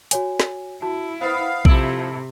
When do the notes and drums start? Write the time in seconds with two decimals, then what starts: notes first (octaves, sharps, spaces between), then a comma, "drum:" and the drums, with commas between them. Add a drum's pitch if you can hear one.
0.11 F#4 C#5 G#5, drum: hi-hat
0.40 drum: snare
0.82 E4 F#4 A5
1.21 B3 B4 C5 F5
1.65 C3 F3 E4 A4 E6 D7 F#7, drum: kick A#1